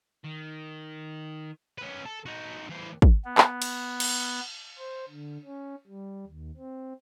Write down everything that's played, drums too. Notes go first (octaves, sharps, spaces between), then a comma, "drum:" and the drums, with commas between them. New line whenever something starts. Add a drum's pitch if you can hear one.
D#3
C#4 B4
A4
D#4 F#4
E3 C5
drum: kick
B3
drum: clap
drum: cymbal
drum: cymbal
C5
D3
C#4
G3
D#2
C4